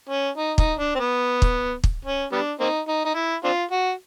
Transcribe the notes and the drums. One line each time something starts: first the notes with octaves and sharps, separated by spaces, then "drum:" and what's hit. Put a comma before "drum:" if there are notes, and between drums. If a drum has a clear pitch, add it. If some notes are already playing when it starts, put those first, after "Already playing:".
C#4
D#4
D#4, drum: kick
D4
C4
B3
drum: kick
drum: kick
C#4
G3 B3 D4
A#3 C4 D#4
D#4
D#4
E4
C4 D4 F4
F#4